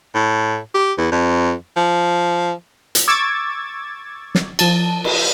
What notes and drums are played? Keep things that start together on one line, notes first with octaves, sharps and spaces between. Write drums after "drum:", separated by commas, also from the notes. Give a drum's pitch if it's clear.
A2
G4
E2
F2
F3
drum: hi-hat
C#6 D6 E6 G#6 A6
drum: snare
F3 A5, drum: cymbal
drum: cymbal